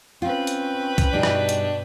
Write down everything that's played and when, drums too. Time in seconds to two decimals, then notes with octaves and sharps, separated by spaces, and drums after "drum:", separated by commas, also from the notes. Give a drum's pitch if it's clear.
0.22 C4 C#4 F4 B4 G5
0.47 drum: hi-hat
0.98 drum: kick, hi-hat
1.13 G2 B2 G3 D4 D#4 G#4
1.23 drum: rim click
1.49 drum: hi-hat